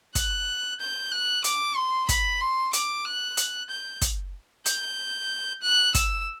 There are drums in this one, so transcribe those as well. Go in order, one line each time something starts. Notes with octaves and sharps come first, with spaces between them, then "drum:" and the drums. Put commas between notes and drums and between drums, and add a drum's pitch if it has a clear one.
F#6, drum: kick, hi-hat
G6
F#6
D6, drum: hi-hat
C6
B5, drum: kick, hi-hat
C6
D6, drum: hi-hat
F#6
drum: hi-hat
G6
drum: kick, hi-hat
G6, drum: hi-hat
F#6
E6, drum: kick, hi-hat